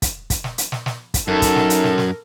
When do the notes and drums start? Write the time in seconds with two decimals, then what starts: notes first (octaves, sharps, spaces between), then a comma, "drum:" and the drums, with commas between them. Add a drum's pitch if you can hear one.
0.02 drum: kick, hi-hat
0.30 drum: kick, hi-hat
0.44 drum: snare
0.58 drum: hi-hat
0.72 drum: snare
0.86 drum: snare
1.14 drum: kick, hi-hat
1.28 F#2 D#4 A4 A#4
1.42 drum: kick, hi-hat
1.56 drum: snare
1.70 drum: hi-hat
1.84 drum: snare
1.98 drum: snare